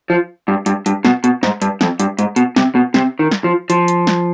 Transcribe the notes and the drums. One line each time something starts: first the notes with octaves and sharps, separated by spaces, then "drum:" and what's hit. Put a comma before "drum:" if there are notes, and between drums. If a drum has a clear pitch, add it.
F3
G2
G2, drum: hi-hat
G2, drum: hi-hat
B2, drum: snare
B2, drum: hi-hat
G#2, drum: snare
G2, drum: hi-hat
F2, drum: snare
G2, drum: hi-hat
G#2, drum: hi-hat
B2, drum: hi-hat
C3, drum: snare
B2
C3, drum: snare
D#3
drum: snare
F3
F3, drum: hi-hat
drum: hi-hat
drum: snare